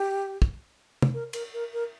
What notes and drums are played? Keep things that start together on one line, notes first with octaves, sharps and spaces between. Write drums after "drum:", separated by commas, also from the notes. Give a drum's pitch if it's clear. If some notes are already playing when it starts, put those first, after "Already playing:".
Already playing: G4
drum: kick
drum: tom
A#4
A#4, drum: cymbal
A#4
A#4